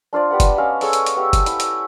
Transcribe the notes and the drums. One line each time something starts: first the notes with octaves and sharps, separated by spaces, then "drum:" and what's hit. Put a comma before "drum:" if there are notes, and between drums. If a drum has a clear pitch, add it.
D4 F4 C5 D5
B3 G4 B4 F#5
drum: kick F#1, hi-hat
C#4 D#5 F5 F#5
G#4 A4 C#5, drum: open hi-hat
drum: hi-hat
drum: hi-hat
B3 G4 F5 E6
drum: kick F#1, hi-hat
E4, drum: hi-hat
drum: hi-hat